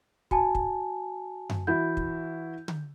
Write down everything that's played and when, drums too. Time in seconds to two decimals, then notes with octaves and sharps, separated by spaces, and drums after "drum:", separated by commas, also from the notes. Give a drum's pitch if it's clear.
0.31 F#4 G#5 A5, drum: kick
0.55 drum: kick
1.50 drum: tom F#2
1.67 E3 E4 F#4 G6
1.97 drum: kick
2.68 drum: tom D3